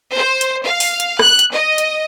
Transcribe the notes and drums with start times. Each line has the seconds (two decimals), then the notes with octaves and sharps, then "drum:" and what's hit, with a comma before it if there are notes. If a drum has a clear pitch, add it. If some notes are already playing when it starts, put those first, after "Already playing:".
0.14 C5
0.41 drum: hi-hat
0.65 F5
0.80 drum: open hi-hat
1.00 drum: hi-hat
1.19 F#6, drum: rim click
1.39 drum: hi-hat
1.52 D#5
1.78 drum: hi-hat